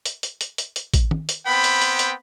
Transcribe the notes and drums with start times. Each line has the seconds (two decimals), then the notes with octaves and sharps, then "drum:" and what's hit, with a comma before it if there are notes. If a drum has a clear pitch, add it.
0.06 drum: hi-hat
0.23 drum: hi-hat
0.41 drum: hi-hat
0.58 drum: hi-hat
0.76 drum: hi-hat
0.94 drum: kick A1, hi-hat
1.11 drum: tom
1.29 drum: hi-hat
1.46 B3 C4 G5 B5
1.64 drum: hi-hat
1.82 drum: hi-hat
1.99 drum: hi-hat